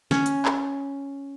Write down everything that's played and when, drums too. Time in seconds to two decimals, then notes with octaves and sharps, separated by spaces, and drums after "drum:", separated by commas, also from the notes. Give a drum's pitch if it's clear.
0.11 C#4, drum: snare
0.26 drum: hi-hat
0.45 drum: clap